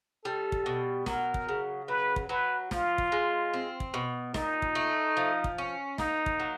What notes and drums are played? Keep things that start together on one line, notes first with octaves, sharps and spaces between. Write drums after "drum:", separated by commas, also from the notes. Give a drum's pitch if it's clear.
G3 A4
drum: kick
B2
F#3 A#4, drum: snare
drum: kick
C#3
F#3 B4
drum: kick
F#3 B4
F3 F4, drum: snare
drum: kick
G#3
C4
drum: kick
B2
A#2 D#4, drum: snare
drum: kick
A3
F3
drum: kick
C#4
A#3 D#4, drum: snare
drum: kick
F#3